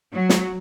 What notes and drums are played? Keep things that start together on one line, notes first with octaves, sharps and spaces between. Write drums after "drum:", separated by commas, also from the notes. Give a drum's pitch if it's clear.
F#3
drum: snare